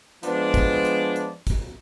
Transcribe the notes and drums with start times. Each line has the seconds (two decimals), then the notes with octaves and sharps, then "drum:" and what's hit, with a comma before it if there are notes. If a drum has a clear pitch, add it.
0.23 F3 G#3 B3 D4, drum: hi-hat
0.54 drum: kick, hi-hat
0.85 drum: hi-hat
1.16 drum: hi-hat
1.47 drum: kick, hi-hat